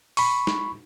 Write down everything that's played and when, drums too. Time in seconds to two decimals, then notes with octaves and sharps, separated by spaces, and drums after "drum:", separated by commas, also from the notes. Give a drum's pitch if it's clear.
0.17 B5 C#6, drum: open hi-hat
0.47 drum: snare